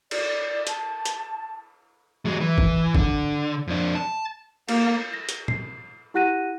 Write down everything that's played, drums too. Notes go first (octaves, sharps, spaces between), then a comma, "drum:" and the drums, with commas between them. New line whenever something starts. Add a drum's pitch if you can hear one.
D5, drum: cymbal
A5, drum: hi-hat
drum: hi-hat
F#3 G#3
E3
drum: kick
D3, drum: kick
F2 D4
A5
A#3, drum: cymbal
A#6
drum: hi-hat
C7, drum: tom
E4 G4 F#5 F#6 A#6 D#7